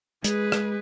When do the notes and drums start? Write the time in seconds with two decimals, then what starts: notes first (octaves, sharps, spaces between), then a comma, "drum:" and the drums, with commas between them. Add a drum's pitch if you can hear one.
0.24 G#3 G#4 B4, drum: hi-hat
0.52 drum: rim click